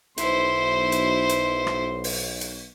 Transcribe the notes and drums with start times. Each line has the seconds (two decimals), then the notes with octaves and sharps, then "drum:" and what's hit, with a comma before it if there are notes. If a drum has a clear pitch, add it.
0.18 B1 E4 C5 C6, drum: hi-hat
0.92 drum: hi-hat
1.29 drum: hi-hat
1.67 drum: rim click
2.04 drum: open hi-hat
2.41 drum: hi-hat